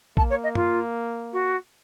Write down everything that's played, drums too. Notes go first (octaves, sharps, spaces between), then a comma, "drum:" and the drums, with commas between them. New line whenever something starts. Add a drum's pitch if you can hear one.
A#3 A5, drum: kick A#1
C#5
D#5
F4, drum: tom
F#4